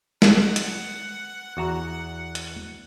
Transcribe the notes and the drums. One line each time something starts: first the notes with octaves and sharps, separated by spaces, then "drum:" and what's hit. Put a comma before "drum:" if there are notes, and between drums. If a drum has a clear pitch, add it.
F#5, drum: snare
drum: hi-hat
E2 F#4 A#5
drum: hi-hat